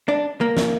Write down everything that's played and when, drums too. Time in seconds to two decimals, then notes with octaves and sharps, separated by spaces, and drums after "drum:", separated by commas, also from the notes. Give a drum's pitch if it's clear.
0.08 D4
0.41 A#3
0.57 drum: snare